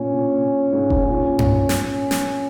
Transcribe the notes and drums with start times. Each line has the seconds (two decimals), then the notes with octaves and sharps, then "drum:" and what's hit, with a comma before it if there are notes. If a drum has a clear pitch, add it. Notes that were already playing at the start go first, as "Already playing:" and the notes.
Already playing: A#2 C#4
0.13 A#2
0.38 A#2
0.72 G#2
0.90 G#2, drum: kick F1
1.08 A#2 C#4
1.39 drum: tom G2
1.69 drum: snare
1.78 C#4
2.11 drum: snare